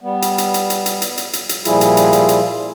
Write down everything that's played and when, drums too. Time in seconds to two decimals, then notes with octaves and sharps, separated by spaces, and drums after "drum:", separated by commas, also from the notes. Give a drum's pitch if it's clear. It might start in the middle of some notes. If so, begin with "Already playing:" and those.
0.01 G3 B3
0.22 drum: hi-hat
0.38 drum: hi-hat
0.54 drum: hi-hat
0.70 drum: hi-hat
0.86 drum: hi-hat
1.02 drum: hi-hat
1.18 drum: hi-hat
1.33 drum: hi-hat
1.49 drum: hi-hat
1.65 A#2 F3 G3 E4 F4 G#4, drum: hi-hat
1.81 drum: hi-hat
1.97 drum: hi-hat
2.13 drum: hi-hat
2.29 drum: hi-hat